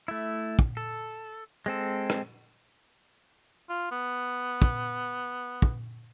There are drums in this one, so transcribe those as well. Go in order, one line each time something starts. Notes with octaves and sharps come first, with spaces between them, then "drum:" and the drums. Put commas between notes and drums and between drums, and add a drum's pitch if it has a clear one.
A3 E4
drum: kick
A4
G#3 C4 A4
drum: rim click
F4
B3
drum: kick
drum: kick